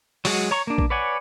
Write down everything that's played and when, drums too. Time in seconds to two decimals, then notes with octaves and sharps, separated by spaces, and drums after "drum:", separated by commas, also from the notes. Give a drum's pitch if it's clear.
0.25 F#3 G#3 F#4 G#4, drum: open hi-hat
0.51 C#5 A#5 C#6
0.67 A#3 D4
0.78 drum: kick A#1
0.90 B4 C#5 D5 F#5 G#5